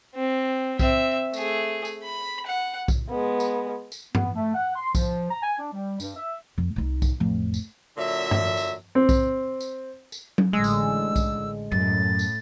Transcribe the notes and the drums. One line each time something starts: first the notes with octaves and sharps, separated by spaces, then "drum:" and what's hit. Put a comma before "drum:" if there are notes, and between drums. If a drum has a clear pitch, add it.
C4
C4 E5, drum: kick B1, tambourine
A3 G#4, drum: tambourine
drum: tambourine
B5
F#5
drum: kick B1, tambourine
G#3 B3
drum: tambourine
drum: tambourine
B3, drum: tom G2
A3
F#5
C6
F3, drum: kick B1, tambourine
A#5
G#5
D4
G3
G2, drum: tambourine
E5
F2
C2 D#4
drum: kick B1, tambourine
A1 F2
drum: tambourine
A#2 D3 F#3 E5
drum: tom G2
drum: tambourine
C4
drum: kick B1, tambourine
drum: tambourine
drum: tambourine
drum: tom F#3
A1 A2 D3 G#3 E6
drum: tambourine
drum: kick B1, tambourine
F#2 A2 A6
drum: tambourine